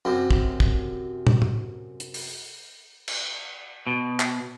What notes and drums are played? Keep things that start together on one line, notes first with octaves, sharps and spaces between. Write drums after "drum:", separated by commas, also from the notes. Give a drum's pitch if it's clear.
F#2 C3
drum: kick
drum: kick
drum: tom
drum: tom
drum: hi-hat
drum: open hi-hat
drum: cymbal
B2
drum: clap